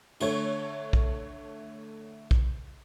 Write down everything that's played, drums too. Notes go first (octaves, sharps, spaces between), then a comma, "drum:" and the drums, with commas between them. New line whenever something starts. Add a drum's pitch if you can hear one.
D3 A3 C#5, drum: cymbal
drum: kick
drum: kick